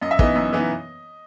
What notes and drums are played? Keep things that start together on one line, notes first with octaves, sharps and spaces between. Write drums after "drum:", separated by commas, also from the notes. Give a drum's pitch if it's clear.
F#2 D#5
E5
E3 B3 D#4 D#5, drum: kick
F#2
E3 B3 D#4